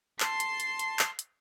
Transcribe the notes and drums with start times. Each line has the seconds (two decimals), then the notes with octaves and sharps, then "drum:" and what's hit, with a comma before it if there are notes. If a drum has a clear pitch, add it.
0.20 A5 C6 C7, drum: clap
0.40 drum: hi-hat
0.60 drum: hi-hat
0.79 drum: hi-hat
0.99 drum: clap
1.19 drum: hi-hat